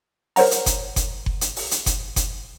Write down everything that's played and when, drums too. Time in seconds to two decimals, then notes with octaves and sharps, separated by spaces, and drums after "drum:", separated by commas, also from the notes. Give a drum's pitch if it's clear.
0.36 A#4 C5 C#5 F#5 A#5, drum: open hi-hat
0.51 drum: hi-hat
0.66 drum: kick F#1, hi-hat
0.96 drum: kick F#1, hi-hat
1.26 drum: kick F#1
1.41 drum: hi-hat
1.56 drum: open hi-hat
1.71 drum: hi-hat
1.86 drum: kick F#1, hi-hat
2.16 drum: kick F#1, hi-hat